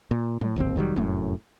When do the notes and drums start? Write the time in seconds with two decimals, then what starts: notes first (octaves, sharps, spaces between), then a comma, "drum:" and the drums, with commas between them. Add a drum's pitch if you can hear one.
0.11 A#2
0.41 A2, drum: tom
0.56 D1 G#1 D#2 C4
0.76 F1 D#3 F#3 G3
0.96 F1 F#2 A2, drum: tom